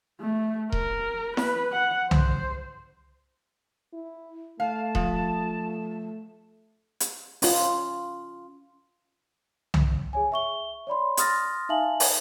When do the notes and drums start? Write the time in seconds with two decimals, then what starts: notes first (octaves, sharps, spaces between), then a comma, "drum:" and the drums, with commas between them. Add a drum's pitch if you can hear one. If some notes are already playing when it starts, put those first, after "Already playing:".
0.20 A3
0.72 A#4, drum: kick D#1
1.37 B4, drum: snare E4
1.72 F#5
2.11 C5, drum: tom C2
3.93 E4
4.60 A3 F5 A5
4.95 F3, drum: kick D#1
7.00 drum: hi-hat
7.42 C#4 F4, drum: open hi-hat
9.74 drum: tom C2
10.13 G#4 C#5 G#5
10.32 E5 C#6 G7
10.87 C#5 D5 B5 C6
11.17 C6 D#6 F6 A6 A#6, drum: hi-hat
11.69 D#4 E5 F5 G#5 A5 F#7
12.00 drum: open hi-hat